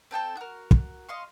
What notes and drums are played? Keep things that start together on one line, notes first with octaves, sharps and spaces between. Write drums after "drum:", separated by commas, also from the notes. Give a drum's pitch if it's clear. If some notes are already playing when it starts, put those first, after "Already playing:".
C4 A4 G5 A5
F#4 A#4
drum: kick
D#5 F5 C6 C#6